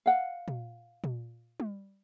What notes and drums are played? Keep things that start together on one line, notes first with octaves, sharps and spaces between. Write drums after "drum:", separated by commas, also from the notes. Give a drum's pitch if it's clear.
F5 F#5
drum: tom A#2
drum: tom A#2
drum: tom G3